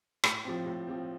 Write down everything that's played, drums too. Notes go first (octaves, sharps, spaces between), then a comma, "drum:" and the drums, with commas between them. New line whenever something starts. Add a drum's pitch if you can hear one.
A2, drum: rim click
F3 C4
A2
F3 C4